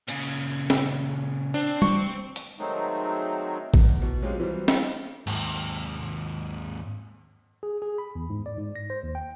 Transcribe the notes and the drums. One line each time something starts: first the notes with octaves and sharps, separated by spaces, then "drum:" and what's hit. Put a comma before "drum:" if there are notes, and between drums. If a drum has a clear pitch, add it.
A#2 C#3, drum: hi-hat
drum: snare
C4 D4
C#6, drum: tom
drum: hi-hat
D#3 F#3 G#3 A3 C4 D#4
E2, drum: kick A1
B2
F#3 G#3 C4 C#4 F4 G4
E3 F#3 G3 C4
F5, drum: snare
D#2 G#2, drum: cymbal
G#4
G#4
B5
E2
G#2
D5
G#2
A#6
C5
D#2
G5